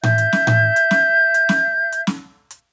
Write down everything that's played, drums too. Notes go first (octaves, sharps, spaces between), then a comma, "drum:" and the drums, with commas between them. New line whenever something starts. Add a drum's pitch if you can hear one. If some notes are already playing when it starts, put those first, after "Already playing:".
E5 G6, drum: tom A2
drum: hi-hat
drum: snare
drum: tom A2
drum: hi-hat
drum: snare
drum: hi-hat
drum: snare
drum: hi-hat
drum: snare
drum: hi-hat